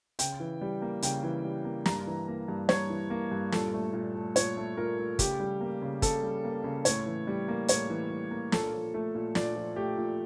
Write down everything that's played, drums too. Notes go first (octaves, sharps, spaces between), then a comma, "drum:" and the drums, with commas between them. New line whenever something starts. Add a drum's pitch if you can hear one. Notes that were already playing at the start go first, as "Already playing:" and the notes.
C#3 G5, drum: hi-hat
E3
G3
A#3
C#3 G5, drum: hi-hat
E3
G3
A#3
G2 A#5, drum: snare
E3
A#3
G2
G2 C#5, drum: snare
E3
A#3
G2
A#2 A4, drum: snare
A3
A#2
A3
A#2 C#5, drum: hi-hat
A3
A#2 A#4
A3
C#3 G4, drum: kick, hi-hat
G3
A#3
C#3
C#3 A4, drum: kick, hi-hat
G3
A#3
C#3
A2 C#5, drum: hi-hat
E3
G3
A#3
A2 C#5, drum: hi-hat
E3
G3
A#3
A#2 A4, drum: snare
F3
A3
A#2
A#2 D5, drum: snare
F3
A3 G4
A#2